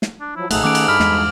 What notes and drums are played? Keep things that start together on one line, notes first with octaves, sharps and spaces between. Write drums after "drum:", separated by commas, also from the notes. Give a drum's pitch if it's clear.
drum: snare
D4
F3 F#3 E4
G#1 C#2 A3 D#4 G#4 A4 F#5, drum: cymbal
D#3 A3 C#4 F#5 D6 D7
drum: cymbal
G2 B5 F6
E2 G2 G#3, drum: snare